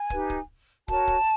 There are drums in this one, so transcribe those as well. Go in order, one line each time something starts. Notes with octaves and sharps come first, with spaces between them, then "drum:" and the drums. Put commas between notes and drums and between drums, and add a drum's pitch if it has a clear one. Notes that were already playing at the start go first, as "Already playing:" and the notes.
Already playing: G#5
D#4 G4 B4, drum: kick
drum: kick
F#4 A#4 C#5 A5, drum: kick
drum: kick